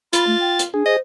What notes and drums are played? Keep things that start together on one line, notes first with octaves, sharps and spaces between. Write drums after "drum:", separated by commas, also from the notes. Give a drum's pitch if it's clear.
F4 B5 A6, drum: hi-hat
A3
G5
drum: hi-hat
D4 G#4
C5 D#5